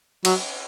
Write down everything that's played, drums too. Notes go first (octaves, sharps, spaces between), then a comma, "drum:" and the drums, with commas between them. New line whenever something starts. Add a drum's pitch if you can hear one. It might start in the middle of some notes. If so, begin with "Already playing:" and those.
F#3, drum: cymbal